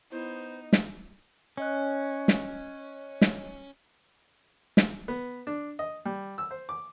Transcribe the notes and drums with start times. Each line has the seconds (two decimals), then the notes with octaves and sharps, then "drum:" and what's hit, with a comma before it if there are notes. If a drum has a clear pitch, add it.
0.12 B3 D#4 E4 C5
0.73 drum: snare
1.57 C#4 C#5 D#5 F#6
2.28 drum: snare
3.21 drum: snare
4.77 drum: snare
5.08 B3
5.47 D4
5.79 D#5
6.05 G3
6.38 E6
6.51 C5
6.69 D6